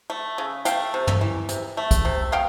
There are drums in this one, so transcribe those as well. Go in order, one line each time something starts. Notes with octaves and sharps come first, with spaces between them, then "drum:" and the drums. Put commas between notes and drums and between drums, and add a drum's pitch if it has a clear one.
A3
C#3
A3 F5 G5, drum: hi-hat
C3
drum: tom
E3
C3, drum: hi-hat
A3
drum: kick C2, hi-hat
C3
B3 F5 G5